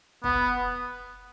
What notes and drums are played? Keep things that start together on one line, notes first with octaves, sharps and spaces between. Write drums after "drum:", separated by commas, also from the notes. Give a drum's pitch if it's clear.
B3, drum: kick